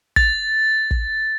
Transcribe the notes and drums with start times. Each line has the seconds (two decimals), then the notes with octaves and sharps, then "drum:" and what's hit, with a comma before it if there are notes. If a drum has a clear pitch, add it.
0.16 A6, drum: kick
0.91 drum: kick